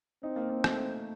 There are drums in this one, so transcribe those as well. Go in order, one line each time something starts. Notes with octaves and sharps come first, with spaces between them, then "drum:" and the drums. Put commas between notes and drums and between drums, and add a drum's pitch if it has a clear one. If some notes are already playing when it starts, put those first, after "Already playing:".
C4 D#4
A#3
A#3
A3, drum: rim click